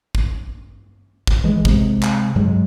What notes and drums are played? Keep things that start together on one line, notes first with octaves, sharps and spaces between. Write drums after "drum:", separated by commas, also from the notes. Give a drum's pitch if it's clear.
drum: kick
drum: kick
E3 G#3
C3 G#3, drum: kick
drum: clap
G2 F#3 G#3